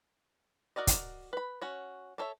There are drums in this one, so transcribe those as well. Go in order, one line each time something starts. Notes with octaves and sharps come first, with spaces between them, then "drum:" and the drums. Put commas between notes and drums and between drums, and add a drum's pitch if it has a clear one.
F#4 A#4 D5 D#5
drum: kick, hi-hat
B4 B5
C#4 F#4 C#5
D4 A4 C#5 E5